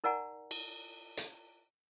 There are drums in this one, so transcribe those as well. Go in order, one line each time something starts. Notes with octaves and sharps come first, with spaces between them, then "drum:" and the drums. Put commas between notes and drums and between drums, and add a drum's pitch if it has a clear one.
D#4 A#4 D5 F#5 G#5 A#5
drum: cymbal
drum: hi-hat